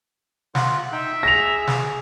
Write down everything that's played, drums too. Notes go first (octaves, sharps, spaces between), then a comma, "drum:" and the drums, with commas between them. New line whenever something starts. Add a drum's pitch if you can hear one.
F4 F#5 F#6, drum: snare
D#4 E5 G5
G#4 A#6 F7
drum: snare